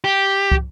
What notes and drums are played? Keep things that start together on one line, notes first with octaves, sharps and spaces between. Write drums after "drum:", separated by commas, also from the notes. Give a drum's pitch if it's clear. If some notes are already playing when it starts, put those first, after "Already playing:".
G4
drum: kick